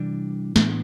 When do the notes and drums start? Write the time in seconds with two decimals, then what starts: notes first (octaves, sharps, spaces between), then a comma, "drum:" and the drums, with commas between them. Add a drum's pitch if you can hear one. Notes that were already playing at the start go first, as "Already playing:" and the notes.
Already playing: C3 E3 G3 D4
0.56 A2 E3 B3 D4, drum: snare